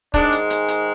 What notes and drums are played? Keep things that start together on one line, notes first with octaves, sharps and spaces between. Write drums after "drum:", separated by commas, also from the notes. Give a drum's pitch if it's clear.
G#2 D#3 G#3 D4, drum: kick, hi-hat
drum: hi-hat
drum: hi-hat
drum: hi-hat